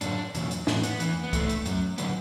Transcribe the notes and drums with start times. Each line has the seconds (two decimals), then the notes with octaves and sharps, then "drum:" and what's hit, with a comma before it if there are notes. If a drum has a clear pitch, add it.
0.01 F#2 D3 F#3 D4, drum: hi-hat
0.35 E2 B2 F#3, drum: hi-hat
0.51 drum: hi-hat
0.67 A2 E3 B3, drum: snare
0.83 B3, drum: hi-hat
1.00 E2 E3, drum: hi-hat
1.23 B3
1.33 E2 E3 A3, drum: kick C2, hi-hat
1.49 drum: hi-hat
1.66 F#2 F#3, drum: hi-hat
1.98 D3 F#3 B3, drum: hi-hat